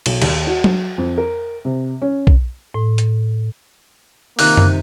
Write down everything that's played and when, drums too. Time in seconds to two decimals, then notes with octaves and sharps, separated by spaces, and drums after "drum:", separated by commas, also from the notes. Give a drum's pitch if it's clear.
0.06 B1, drum: cymbal
0.22 D#2, drum: cymbal
0.47 F#4
0.64 drum: tom F#3
0.98 F2
1.18 A#4
1.65 C3
2.02 C#4
2.27 drum: kick B1
2.74 A2
2.98 drum: hi-hat
4.39 C3 D#3 A#3 F4 F#6, drum: open hi-hat
4.57 drum: tom F#2